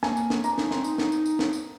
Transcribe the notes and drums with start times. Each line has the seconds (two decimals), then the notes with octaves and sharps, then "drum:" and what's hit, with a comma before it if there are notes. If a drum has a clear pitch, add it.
0.03 A#3 G#5, drum: snare
0.17 drum: tambourine
0.30 drum: snare
0.44 D4 A#5, drum: tambourine
0.58 D#4, drum: snare
0.71 C4, drum: snare
0.84 D#4, drum: tambourine
0.98 drum: snare
1.12 drum: tambourine
1.26 drum: tambourine
1.39 drum: snare
1.53 drum: tambourine